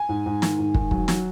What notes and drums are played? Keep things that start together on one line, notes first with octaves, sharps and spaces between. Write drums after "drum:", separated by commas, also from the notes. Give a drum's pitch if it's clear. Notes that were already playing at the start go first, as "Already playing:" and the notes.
Already playing: G#5
G#2
G#2
D#3, drum: snare
G#2
D#3, drum: kick
F#3, drum: kick
F#3, drum: snare